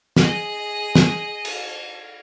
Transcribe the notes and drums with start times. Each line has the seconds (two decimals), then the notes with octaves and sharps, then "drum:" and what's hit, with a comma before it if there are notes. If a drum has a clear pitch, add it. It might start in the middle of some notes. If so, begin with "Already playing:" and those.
0.17 G#4 D#5, drum: snare
0.95 drum: snare
1.45 drum: cymbal